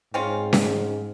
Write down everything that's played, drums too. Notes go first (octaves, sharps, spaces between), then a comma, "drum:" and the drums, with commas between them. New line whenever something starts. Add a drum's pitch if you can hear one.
G#2 C4 C#4 F4
drum: snare C#4